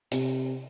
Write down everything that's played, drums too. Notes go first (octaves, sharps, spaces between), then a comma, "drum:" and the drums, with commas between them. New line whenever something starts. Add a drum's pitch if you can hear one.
C3, drum: hi-hat